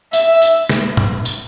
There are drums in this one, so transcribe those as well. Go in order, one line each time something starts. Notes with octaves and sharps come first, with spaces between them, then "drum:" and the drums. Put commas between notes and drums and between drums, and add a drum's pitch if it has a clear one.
E5, drum: tambourine
drum: tambourine
drum: snare
drum: tom
drum: tambourine